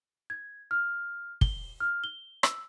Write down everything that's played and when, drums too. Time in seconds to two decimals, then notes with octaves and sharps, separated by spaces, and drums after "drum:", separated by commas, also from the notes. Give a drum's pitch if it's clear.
0.30 G#6
0.71 F6
1.41 G7, drum: kick
1.80 F6
2.04 G7
2.43 E6, drum: rim click